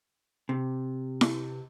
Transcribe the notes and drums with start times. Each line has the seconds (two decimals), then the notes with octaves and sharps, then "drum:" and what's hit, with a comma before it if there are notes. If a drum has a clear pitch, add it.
0.49 C3
1.21 drum: snare E4